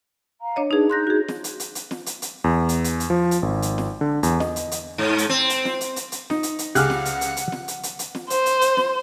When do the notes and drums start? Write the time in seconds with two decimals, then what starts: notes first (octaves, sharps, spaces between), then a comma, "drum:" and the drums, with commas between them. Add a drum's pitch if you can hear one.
0.40 F5 A#5
0.56 D4 C#5 D#5
0.71 D4 D#4 G#4 B4
0.90 D#4 C6 F#6 G6 A#6
1.07 F#4 G#4
1.28 drum: snare
1.44 drum: hi-hat
1.60 drum: hi-hat
1.75 drum: hi-hat
1.91 drum: snare
2.06 drum: hi-hat
2.22 drum: hi-hat
2.44 E2
2.69 drum: hi-hat
2.84 drum: hi-hat
3.00 drum: hi-hat
3.10 F3
3.31 drum: hi-hat
3.42 G#1
3.62 drum: hi-hat
3.78 drum: snare
4.01 D3
4.23 E2, drum: hi-hat
4.40 D#5, drum: snare
4.56 drum: hi-hat
4.71 drum: hi-hat
4.98 G#2
5.18 drum: hi-hat
5.29 C4
5.49 drum: hi-hat
5.65 drum: snare
5.81 drum: hi-hat
5.96 drum: hi-hat
6.12 drum: hi-hat
6.30 D#4, drum: snare
6.43 drum: hi-hat
6.59 drum: hi-hat
6.75 C#2 G4 G#4 F#5 D6 F6 F#6, drum: hi-hat
6.90 drum: snare
7.05 drum: hi-hat
7.21 drum: hi-hat
7.37 drum: hi-hat
7.52 drum: snare
7.68 drum: hi-hat
7.83 drum: hi-hat
7.99 drum: hi-hat
8.15 drum: snare
8.30 C5, drum: hi-hat
8.46 drum: hi-hat
8.61 drum: hi-hat
8.77 drum: snare